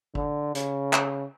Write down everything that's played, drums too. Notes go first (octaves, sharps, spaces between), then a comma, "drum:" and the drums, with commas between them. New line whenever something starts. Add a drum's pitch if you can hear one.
D3, drum: kick
C#3, drum: hi-hat
drum: clap